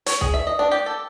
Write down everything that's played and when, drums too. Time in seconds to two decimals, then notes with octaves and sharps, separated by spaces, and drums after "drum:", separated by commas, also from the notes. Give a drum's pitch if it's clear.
0.06 C#5, drum: hi-hat
0.21 G#4, drum: kick
0.34 E5
0.47 D#5
0.59 D4
0.72 G4
0.86 A4